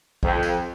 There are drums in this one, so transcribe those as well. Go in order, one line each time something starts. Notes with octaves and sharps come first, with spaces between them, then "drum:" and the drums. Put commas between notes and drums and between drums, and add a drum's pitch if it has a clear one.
F2, drum: kick
drum: tambourine